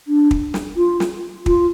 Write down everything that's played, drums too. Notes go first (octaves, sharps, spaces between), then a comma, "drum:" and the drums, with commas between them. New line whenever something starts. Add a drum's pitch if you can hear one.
D4
drum: kick
drum: snare
F4
drum: snare
F4, drum: kick